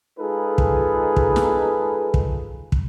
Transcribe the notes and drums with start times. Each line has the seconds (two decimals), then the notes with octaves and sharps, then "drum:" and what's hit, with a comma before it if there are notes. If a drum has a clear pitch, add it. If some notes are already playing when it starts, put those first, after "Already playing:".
0.19 G#3 D#4 F4 G#4 A4 B4
0.58 drum: kick
1.16 drum: kick
1.36 drum: snare
2.14 drum: kick
2.72 drum: kick